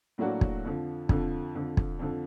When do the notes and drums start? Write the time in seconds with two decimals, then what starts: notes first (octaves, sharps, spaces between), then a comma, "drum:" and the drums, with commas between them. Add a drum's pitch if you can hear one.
0.18 A2 F#3 A#3 D4 F#4
0.41 drum: kick
0.65 F2 D3 F3
1.09 F2 D3 F3, drum: kick
1.55 F2 D3 F3
1.77 drum: kick
1.99 F2 D3 F3